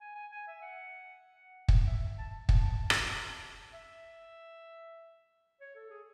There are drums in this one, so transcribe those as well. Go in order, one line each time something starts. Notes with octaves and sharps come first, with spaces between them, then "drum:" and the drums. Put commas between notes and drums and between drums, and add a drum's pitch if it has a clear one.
G#5
G#5
G#5
E5
F#5
drum: kick
E5
A5
A5, drum: kick
drum: rim click
E5
C#5
A4
G#4